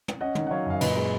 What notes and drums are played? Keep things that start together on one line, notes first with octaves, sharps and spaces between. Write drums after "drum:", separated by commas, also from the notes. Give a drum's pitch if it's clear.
drum: tom
C#4 D#5 F#5
D#3, drum: tom
F#5
F#3 C#5 F5
F#2 F5
A#2 B4 D#5, drum: cymbal
G#3 B4 D#5